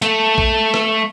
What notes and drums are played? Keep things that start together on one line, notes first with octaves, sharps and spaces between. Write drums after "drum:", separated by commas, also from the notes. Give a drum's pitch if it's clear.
A3, drum: hi-hat
drum: kick
drum: rim click